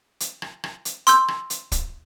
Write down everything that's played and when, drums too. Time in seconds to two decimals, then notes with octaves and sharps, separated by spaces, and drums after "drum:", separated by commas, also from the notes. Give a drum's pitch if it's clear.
0.20 drum: hi-hat
0.42 drum: rim click
0.64 drum: rim click
0.85 drum: hi-hat
1.07 C6 E6 G6, drum: hi-hat
1.28 drum: rim click
1.50 drum: hi-hat
1.72 drum: kick, hi-hat